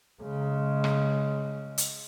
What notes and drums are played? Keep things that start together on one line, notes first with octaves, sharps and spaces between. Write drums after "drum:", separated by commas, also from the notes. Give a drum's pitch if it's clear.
C#3 G#3
drum: rim click
drum: hi-hat